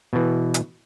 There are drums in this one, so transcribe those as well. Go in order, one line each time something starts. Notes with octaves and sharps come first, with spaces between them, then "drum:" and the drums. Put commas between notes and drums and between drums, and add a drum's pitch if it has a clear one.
B2 E3
drum: hi-hat